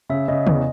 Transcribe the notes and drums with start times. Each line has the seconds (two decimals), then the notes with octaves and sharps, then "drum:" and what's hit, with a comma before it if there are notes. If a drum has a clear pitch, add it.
0.10 C#3 E5
0.28 C#3 D#5
0.47 E2, drum: tom